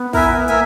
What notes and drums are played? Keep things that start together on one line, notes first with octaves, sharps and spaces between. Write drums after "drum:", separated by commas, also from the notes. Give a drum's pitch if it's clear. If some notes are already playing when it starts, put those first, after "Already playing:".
Already playing: B3
E4 A#4 E5 G#5, drum: kick, open hi-hat
A#3 A#4 E5 G#5, drum: hi-hat